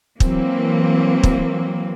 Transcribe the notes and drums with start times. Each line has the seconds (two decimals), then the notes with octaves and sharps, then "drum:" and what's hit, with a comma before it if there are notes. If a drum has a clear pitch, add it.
0.20 E3 F#3 A#3 C4, drum: kick
1.23 drum: kick